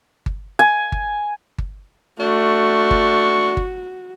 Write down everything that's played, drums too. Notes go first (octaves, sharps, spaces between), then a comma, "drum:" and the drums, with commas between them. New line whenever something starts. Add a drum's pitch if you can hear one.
drum: kick G1
G#5
drum: kick G1
drum: kick G1
A3 D4 F#4 C#6
drum: kick G1
drum: kick G1